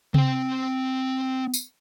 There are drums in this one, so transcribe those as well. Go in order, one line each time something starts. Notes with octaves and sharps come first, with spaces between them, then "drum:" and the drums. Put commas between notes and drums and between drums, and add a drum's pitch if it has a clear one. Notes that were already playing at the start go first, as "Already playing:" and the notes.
C4 G5, drum: tom C3
drum: tambourine